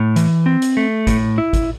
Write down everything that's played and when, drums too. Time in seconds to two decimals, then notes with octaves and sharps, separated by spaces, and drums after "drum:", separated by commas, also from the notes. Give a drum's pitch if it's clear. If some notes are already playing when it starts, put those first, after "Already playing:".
Already playing: A2
0.16 E3, drum: hi-hat
0.46 C4
0.62 drum: hi-hat
0.77 A3
1.07 A2, drum: kick, hi-hat
1.38 E4
1.53 drum: kick, hi-hat